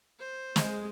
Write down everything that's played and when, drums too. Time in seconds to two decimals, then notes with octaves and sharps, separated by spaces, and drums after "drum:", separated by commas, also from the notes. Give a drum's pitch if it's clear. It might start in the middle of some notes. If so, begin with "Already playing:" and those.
0.19 C5
0.56 G#3, drum: snare